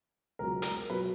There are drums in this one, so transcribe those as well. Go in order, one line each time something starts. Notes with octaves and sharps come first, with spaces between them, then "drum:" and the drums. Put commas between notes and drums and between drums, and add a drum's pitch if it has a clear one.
C#2 B2 F#3 A#4
A#4, drum: hi-hat
B2 F#3 B4